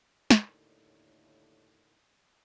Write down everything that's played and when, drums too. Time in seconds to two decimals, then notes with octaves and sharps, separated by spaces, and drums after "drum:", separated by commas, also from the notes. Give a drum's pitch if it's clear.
0.30 D#2 A2 D3 D#3, drum: snare